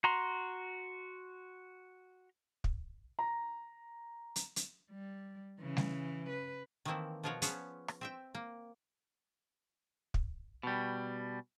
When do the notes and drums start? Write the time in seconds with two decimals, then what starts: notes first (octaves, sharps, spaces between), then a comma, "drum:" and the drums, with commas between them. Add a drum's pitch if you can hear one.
0.04 F#4 A#5 C6
2.64 drum: kick
3.19 A#5
4.36 drum: hi-hat
4.56 drum: hi-hat
4.90 G3
5.60 C#3 E3
5.77 drum: snare G3
6.29 B4
6.85 D#3 E3 A3 A#3 C4 E4
7.23 B2 F3 F4 A#4 C#5 F#5
7.42 F3 B3 C#4 G#4 C5, drum: hi-hat
7.88 drum: rim click
8.01 C4 E5 G5
8.35 A#3
10.14 drum: kick
10.63 B2 G3